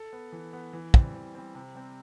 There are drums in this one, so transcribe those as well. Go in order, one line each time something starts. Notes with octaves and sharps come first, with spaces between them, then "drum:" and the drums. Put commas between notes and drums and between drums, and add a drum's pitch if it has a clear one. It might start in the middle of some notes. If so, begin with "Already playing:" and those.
Already playing: A4
B3
E3
B3
E3
G3 C4, drum: kick
E3
G3 C4
C3
G3 C4